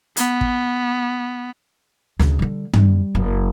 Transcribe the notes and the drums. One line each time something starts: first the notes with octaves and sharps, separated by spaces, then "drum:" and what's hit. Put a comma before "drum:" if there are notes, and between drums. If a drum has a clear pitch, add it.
B3, drum: hi-hat
drum: kick
D2 C#3, drum: snare
D3 G3
G3, drum: tom
F#1 F#2